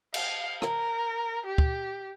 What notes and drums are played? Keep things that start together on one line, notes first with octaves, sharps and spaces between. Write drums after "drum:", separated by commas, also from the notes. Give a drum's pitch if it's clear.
F5, drum: cymbal
A#4, drum: rim click
G4
drum: kick